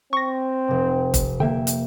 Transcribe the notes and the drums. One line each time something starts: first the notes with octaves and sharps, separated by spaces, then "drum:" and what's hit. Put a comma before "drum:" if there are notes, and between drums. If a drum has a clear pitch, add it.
C4 C#6 A#6
F1 C3
drum: kick, hi-hat
D3 A#3 E5 G5
drum: hi-hat